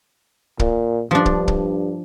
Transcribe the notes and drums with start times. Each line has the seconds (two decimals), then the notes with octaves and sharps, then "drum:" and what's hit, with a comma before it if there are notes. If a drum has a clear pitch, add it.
0.59 A#2, drum: kick
1.11 G2 F3 D4
1.26 drum: kick
1.48 drum: kick